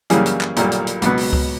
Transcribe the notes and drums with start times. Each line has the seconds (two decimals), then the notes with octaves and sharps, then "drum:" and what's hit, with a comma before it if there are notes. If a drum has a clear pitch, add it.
0.10 F#2 C#3 E3 G3 A#3 G#4, drum: hi-hat
0.26 drum: hi-hat
0.41 drum: clap
0.56 B1 A#2 G3 A#3, drum: hi-hat
0.72 drum: hi-hat
0.87 drum: hi-hat
1.02 C#2 B2 F#3 B3, drum: hi-hat
1.18 drum: open hi-hat
1.33 drum: kick C#2